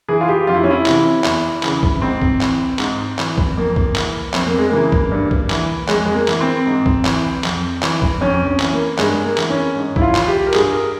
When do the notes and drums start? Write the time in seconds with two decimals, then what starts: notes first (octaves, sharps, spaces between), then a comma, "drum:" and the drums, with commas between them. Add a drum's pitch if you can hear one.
0.08 E3 G#4
0.21 F4
0.29 G4
0.47 F2 F4
0.55 E4
0.64 C#4
0.71 E4
0.86 C3 E3, drum: clap
1.24 E2, drum: clap
1.63 C#3 E3, drum: clap
1.83 drum: kick
2.02 G#2 C4
2.22 drum: kick
2.41 E3, drum: clap
2.79 G#2, drum: clap
3.19 E3, drum: clap
3.38 drum: kick
3.57 F2 A#3
3.76 drum: kick
3.96 E3, drum: clap
4.34 F2 C4, drum: clap
4.46 A#3
4.59 G#3
4.70 C#3 E3 A#3
4.92 drum: kick
5.12 G2
5.31 drum: kick
5.50 E3, drum: clap
5.89 F2 G#3, drum: clap
6.06 G#3
6.14 A#3
6.28 E3, drum: clap
6.41 C4
6.66 G#2
6.86 drum: kick
7.05 E3, drum: clap
7.44 F2, drum: clap
7.83 E3, drum: clap
8.02 drum: kick
8.21 F2 C#4
8.47 C#4
8.60 E3, drum: clap
8.73 A#3
8.99 G2 G#3, drum: clap
9.24 A#3
9.38 E3, drum: clap
9.50 C#4
9.76 G#2
9.96 E4, drum: kick
10.01 F4
10.15 E3, drum: clap
10.28 G4
10.46 A#4
10.54 G2 G#4, drum: clap
10.72 A#4